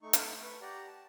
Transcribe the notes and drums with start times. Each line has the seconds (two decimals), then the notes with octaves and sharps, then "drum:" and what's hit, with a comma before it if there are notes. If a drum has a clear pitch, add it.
0.02 A3 D#4 C#6
0.13 drum: hi-hat
0.43 B4 C#6
0.61 G4 D5 F#5 A#5
0.87 A5